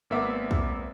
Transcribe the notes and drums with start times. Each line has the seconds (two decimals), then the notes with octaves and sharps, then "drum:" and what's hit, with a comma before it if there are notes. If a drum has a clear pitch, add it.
0.10 G#1 A#3 B3 E5 F#5 D6
0.51 drum: kick